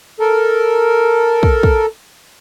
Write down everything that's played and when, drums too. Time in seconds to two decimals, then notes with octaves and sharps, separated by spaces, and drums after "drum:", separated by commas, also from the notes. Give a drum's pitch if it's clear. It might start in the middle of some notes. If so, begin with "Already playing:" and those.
0.20 A4 A#4
1.43 drum: kick
1.63 drum: kick